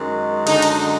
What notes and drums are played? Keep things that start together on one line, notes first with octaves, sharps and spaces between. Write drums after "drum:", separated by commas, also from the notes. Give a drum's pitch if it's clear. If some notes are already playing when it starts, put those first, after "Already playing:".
Already playing: F#2 D#3 G#3
F#2 D3 G#3 D#4, drum: cymbal
drum: cymbal